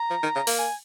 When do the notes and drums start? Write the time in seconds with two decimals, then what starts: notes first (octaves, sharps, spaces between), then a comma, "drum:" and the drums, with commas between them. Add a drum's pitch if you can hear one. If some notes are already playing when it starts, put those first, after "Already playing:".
Already playing: A#5
0.10 F3
0.23 D#3
0.35 C#3
0.47 A#3, drum: open hi-hat
0.59 G#5